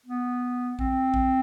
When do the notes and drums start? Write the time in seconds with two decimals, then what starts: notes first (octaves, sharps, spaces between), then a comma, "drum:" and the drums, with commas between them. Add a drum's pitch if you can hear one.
0.06 B3
0.79 C4, drum: kick A#1
1.14 drum: kick A#1